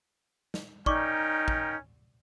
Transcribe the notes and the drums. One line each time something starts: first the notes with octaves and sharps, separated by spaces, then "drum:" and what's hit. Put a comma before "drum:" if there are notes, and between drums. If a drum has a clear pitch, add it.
drum: snare
C#4 D#4 A#4 D5 G5 C#6 D6, drum: kick
drum: kick